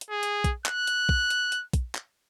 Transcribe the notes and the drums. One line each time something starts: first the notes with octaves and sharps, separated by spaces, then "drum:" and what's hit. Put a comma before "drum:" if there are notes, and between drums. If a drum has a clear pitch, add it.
drum: hi-hat
G#4
drum: hi-hat
drum: kick, hi-hat
F#6, drum: clap
drum: hi-hat
drum: kick
drum: hi-hat
drum: hi-hat
drum: kick, hi-hat
drum: clap